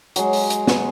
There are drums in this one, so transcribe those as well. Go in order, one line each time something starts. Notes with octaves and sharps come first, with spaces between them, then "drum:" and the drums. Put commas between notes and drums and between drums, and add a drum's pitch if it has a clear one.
F#3 G#3, drum: hi-hat
drum: open hi-hat
drum: hi-hat
drum: snare